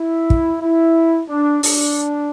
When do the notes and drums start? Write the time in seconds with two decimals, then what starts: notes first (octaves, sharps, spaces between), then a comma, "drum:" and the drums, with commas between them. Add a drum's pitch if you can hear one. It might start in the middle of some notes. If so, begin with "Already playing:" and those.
Already playing: E4
0.30 drum: kick
0.61 E4
1.29 D4
1.63 D4, drum: open hi-hat